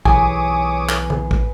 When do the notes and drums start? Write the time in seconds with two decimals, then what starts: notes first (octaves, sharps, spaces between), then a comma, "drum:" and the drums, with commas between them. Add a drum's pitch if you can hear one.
0.05 B1 E3 G#4 B4 C#5 G#5 D6 D#6, drum: kick
0.89 drum: clap
1.10 drum: tom D3
1.31 drum: kick